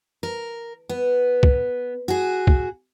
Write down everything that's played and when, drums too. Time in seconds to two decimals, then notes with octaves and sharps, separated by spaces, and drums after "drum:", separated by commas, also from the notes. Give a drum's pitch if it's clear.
0.23 A#4
0.89 B3
1.43 drum: kick
2.08 F#4 G#4
2.47 drum: kick